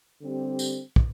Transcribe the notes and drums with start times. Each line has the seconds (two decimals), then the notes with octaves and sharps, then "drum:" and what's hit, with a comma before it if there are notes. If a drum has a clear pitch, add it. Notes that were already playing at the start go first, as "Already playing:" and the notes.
0.21 D3 G3 C4 G4
0.59 drum: tambourine
0.96 drum: kick